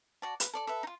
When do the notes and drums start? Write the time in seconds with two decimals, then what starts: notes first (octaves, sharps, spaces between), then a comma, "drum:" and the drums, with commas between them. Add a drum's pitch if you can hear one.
0.22 F#4 D5 A5
0.40 B4, drum: hi-hat
0.54 A4 D5 D6
0.67 A4 B4 E5
0.83 D#4 F4